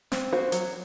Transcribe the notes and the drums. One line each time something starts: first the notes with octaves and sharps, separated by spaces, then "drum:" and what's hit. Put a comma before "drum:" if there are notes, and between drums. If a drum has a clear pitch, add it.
C4, drum: snare
F#4 C5
F#3, drum: hi-hat